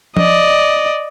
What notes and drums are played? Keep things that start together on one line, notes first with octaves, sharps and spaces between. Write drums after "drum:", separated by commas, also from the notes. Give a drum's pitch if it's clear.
D5 D#5, drum: tom F3